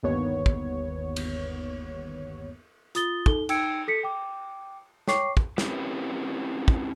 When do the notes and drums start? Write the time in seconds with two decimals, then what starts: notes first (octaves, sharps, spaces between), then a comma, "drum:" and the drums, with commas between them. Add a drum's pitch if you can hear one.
0.03 G1 D#2 B3 C#5
0.46 drum: kick
1.16 drum: cymbal
2.95 F4 D#6 A6 G7, drum: hi-hat
3.26 D#4 A4 G7, drum: kick
3.49 D#4 G5 E6 G#6 C#7 D7, drum: cymbal
3.88 A4 B6 C#7
4.03 G5 D6
5.08 C#5 G5 C#6 D6 C7, drum: snare
5.37 drum: kick
5.58 C4 C#4 E4 G4 A#4 B4, drum: snare
6.68 drum: kick